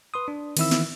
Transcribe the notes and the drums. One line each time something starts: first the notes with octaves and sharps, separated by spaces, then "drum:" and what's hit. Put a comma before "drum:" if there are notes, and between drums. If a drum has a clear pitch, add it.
B4 C6 D#6
D4
D#3 E3 C4 E4 E5 E6, drum: cymbal
drum: snare